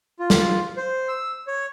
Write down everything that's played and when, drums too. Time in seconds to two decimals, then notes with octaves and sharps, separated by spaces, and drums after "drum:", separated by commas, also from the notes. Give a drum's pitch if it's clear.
0.19 F4
0.30 drum: snare
0.77 C5
1.08 E6
1.47 C#5